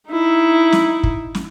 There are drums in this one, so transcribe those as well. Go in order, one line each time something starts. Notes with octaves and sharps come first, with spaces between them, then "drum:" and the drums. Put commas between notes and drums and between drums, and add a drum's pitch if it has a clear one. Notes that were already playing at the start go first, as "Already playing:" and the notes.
D#4 E4
drum: snare
drum: kick
drum: snare